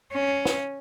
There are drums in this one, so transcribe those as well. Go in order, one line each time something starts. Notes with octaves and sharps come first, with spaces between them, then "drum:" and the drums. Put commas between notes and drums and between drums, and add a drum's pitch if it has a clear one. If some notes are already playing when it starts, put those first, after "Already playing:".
C#4
drum: snare